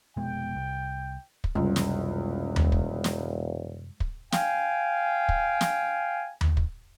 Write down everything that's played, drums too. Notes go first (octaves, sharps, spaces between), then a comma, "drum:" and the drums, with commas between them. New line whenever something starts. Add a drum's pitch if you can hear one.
F1 B2 G#3 G5
C2
drum: kick
E1 C#2 F#2 C3 G3 G#3
drum: snare
drum: tom D#2
drum: kick
drum: snare
drum: kick
F5 G5 G#5, drum: snare
drum: kick
drum: snare
drum: tom D#2
drum: kick